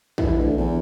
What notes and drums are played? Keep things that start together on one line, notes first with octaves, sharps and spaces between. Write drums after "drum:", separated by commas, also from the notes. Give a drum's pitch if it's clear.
E3, drum: kick
D2
E2